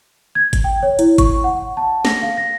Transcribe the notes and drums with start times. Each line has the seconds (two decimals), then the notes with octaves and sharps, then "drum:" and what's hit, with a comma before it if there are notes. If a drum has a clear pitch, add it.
0.35 G#6
0.53 drum: kick G1, hi-hat
0.64 G5
0.83 C#5
0.99 E4, drum: hi-hat
1.18 C#6, drum: kick G1, hi-hat
1.44 F#5
1.77 A5
2.05 A#6, drum: snare
2.22 F5
2.37 A#6